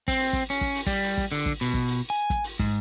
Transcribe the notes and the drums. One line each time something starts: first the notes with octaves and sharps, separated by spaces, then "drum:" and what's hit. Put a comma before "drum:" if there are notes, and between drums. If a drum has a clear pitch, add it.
C4, drum: kick, hi-hat
drum: open hi-hat
drum: kick, hi-hat
C#4, drum: open hi-hat
drum: kick, hi-hat
drum: open hi-hat
G3, drum: kick, hi-hat
drum: open hi-hat
drum: kick, hi-hat
D3, drum: open hi-hat
drum: kick, hi-hat
B2, drum: open hi-hat
drum: kick, hi-hat
drum: open hi-hat
G#5
drum: kick, hi-hat
drum: open hi-hat
G#2, drum: kick, hi-hat